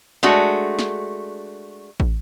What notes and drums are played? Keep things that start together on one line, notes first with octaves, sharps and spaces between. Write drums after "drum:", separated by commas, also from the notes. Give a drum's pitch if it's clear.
G#3 A3 D4 F#4
drum: snare
drum: kick